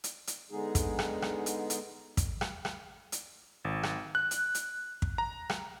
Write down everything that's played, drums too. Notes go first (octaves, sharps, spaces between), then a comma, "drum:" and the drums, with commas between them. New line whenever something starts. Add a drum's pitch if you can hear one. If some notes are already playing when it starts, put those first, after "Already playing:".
drum: hi-hat
drum: hi-hat
D3 G#3 B3 D#4 G#4
drum: kick, hi-hat
drum: rim click
drum: rim click
drum: hi-hat
drum: hi-hat
drum: kick, hi-hat
drum: rim click
drum: rim click
drum: hi-hat
G#1
drum: rim click
F#6
drum: hi-hat
drum: hi-hat
drum: kick
A#5
drum: rim click